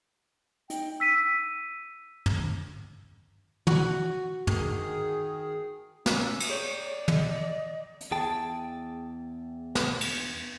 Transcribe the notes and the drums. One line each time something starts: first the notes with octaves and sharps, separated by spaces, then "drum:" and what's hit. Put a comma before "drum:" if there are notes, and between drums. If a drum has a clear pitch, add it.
D#4 G5, drum: hi-hat
E6 B6 D#7
drum: tom
F#4, drum: tom
D#3 G#4, drum: tom
C#4 E6, drum: snare
drum: cymbal
G#4 C#5 D5 C#6
D#5, drum: tom
drum: hi-hat
E2 G#4 G5 A5
drum: snare
drum: cymbal